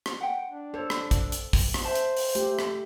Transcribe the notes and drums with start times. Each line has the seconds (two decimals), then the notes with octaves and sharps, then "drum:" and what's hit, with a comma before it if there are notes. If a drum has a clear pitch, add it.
0.06 drum: rim click
0.21 F#5 G5
0.48 D4
0.74 A4 C5 C#5
0.90 drum: rim click
1.11 drum: kick, hi-hat
1.32 drum: hi-hat
1.53 drum: kick, open hi-hat
1.74 drum: rim click
1.84 C5 E5 A5
1.95 drum: hi-hat
2.16 drum: open hi-hat
2.35 A3 G4, drum: hi-hat
2.59 drum: rim click